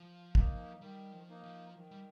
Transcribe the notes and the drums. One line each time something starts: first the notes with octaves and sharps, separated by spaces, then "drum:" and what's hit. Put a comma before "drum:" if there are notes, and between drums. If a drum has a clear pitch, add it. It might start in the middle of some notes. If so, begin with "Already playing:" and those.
Already playing: F3
A#3 D#4, drum: kick
D#3 G3
F3
A#3 D#4
F3
D#3
G3